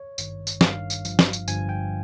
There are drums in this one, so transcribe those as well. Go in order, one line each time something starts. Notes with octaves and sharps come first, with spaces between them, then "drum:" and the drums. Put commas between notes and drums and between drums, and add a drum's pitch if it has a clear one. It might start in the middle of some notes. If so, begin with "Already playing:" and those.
Already playing: C#5
G#1 G2 D#3, drum: tambourine
drum: tambourine
G#1 G2 D#3 F5, drum: snare
drum: tambourine
G1 G2 F3, drum: tambourine
drum: snare
drum: tambourine
G1 G2 F3 G#5, drum: tambourine
G5